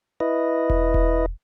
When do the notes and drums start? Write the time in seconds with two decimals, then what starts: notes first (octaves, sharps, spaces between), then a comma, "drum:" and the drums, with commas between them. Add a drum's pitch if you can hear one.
0.20 E4 B4 D#5
0.70 drum: kick E1
0.94 drum: kick E1